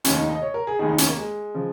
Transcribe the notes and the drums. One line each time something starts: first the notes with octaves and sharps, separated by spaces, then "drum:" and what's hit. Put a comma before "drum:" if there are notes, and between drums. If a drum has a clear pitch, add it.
F1 D#2 D#3 C#4, drum: hi-hat
D#4
D#5
C#5
A#4
G#4
F1 D#2 D#3 G#4
D#4
C#4, drum: hi-hat
A#3
G#3
C#3 F3